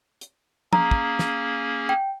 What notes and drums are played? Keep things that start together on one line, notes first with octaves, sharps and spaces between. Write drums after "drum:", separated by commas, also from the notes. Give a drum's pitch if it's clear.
drum: hi-hat
A#3 C#4 G#4 A#5, drum: tom
drum: kick
drum: snare
G5